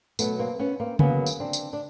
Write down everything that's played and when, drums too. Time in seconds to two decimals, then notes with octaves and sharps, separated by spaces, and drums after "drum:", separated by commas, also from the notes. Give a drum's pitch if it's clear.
0.19 B2 F#3 A3 B3, drum: tambourine
0.39 A#3 C4
0.59 B3 C#4
0.80 A#3 C4
0.99 C#3 F#3 A#3 B3 C#4, drum: tom C#3
1.26 drum: tambourine
1.40 C4 D4
1.53 drum: tambourine
1.73 D4